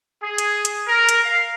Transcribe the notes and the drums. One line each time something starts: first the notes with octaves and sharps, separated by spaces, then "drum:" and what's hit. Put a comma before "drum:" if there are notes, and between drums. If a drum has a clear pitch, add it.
G#4
drum: hi-hat
drum: hi-hat
A#4
drum: hi-hat
F5